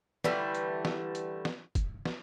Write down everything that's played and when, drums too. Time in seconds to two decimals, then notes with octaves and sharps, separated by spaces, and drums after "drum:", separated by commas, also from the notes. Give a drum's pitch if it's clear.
0.24 D3 E3 G3 A3, drum: snare
0.55 drum: hi-hat
0.85 drum: snare
1.15 drum: hi-hat
1.45 drum: snare
1.75 drum: kick, hi-hat
2.05 drum: snare